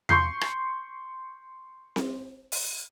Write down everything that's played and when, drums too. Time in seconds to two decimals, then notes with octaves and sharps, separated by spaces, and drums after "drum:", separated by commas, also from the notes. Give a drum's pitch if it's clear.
0.09 C6 C#6 G6 C7, drum: tom E2
0.41 drum: rim click
1.96 drum: snare C4
2.52 drum: open hi-hat